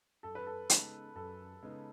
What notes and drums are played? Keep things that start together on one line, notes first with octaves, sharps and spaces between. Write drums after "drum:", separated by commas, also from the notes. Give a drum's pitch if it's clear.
F#2 A4
B4
A4
C#3 G#3 B3 D#4, drum: hi-hat
F#2 A4
C#3 G#3 B3 D#4